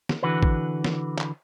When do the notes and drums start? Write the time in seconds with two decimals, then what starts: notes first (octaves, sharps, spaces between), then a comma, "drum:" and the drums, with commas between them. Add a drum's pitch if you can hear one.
0.09 drum: snare
0.23 D3 E3 F#4 B4
0.43 drum: kick A1
0.84 drum: snare
1.18 drum: clap